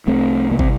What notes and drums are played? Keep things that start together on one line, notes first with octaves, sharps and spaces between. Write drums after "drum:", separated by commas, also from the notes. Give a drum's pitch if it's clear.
C2 A3 C4
C3 A#3
C4, drum: kick